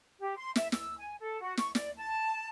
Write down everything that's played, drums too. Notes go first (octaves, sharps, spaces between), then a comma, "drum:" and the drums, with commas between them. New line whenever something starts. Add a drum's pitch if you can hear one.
G4
C6
E5, drum: snare
E6, drum: snare
G#5
A4
F#4
C#6, drum: snare
D5, drum: snare
A5